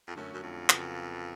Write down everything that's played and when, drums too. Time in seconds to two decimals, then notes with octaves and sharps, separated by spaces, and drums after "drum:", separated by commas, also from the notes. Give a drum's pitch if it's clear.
0.08 F2
0.15 F#2 D3 F#3 A3 C#4
0.33 F#2
0.42 F2
0.70 C#3 F#3 B3, drum: clap